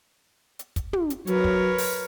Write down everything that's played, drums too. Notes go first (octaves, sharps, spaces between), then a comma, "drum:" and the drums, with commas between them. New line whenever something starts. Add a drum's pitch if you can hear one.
drum: hi-hat
drum: kick, hi-hat
drum: tom
drum: hi-hat
F#3 A#4 B4 C#5, drum: hi-hat
drum: kick
drum: open hi-hat